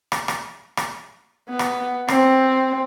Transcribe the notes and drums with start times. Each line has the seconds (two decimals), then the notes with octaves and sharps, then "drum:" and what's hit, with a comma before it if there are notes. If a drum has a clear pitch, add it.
0.12 drum: rim click
0.28 drum: rim click
0.77 drum: rim click
1.49 B3
1.59 drum: rim click
2.08 C4, drum: rim click